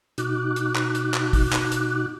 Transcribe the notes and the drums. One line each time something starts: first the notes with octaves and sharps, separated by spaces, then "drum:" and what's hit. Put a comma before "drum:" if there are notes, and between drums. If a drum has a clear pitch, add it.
B2 D#4 F#4 D6 F#6, drum: hi-hat
drum: hi-hat
drum: clap
drum: hi-hat
drum: clap
drum: kick, open hi-hat
drum: clap
drum: hi-hat